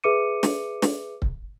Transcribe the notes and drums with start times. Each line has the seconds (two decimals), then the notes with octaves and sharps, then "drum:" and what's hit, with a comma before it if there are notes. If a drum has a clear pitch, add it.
0.04 G#4 B4 E5 D6 C#7 D#7
0.43 drum: snare
0.82 drum: snare
1.22 drum: kick C#1